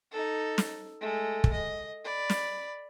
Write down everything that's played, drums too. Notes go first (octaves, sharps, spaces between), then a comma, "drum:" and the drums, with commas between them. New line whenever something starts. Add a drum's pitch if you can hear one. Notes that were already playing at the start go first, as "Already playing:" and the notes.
D#4 A4
drum: snare
G#3 A3
drum: kick
D#5
D5 B5
drum: snare